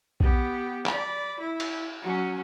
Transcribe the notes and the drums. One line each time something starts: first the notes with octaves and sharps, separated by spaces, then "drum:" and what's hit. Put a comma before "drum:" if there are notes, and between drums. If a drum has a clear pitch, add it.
B3 G4, drum: kick
D5 B5, drum: clap
E4
drum: cymbal
F#3 C#4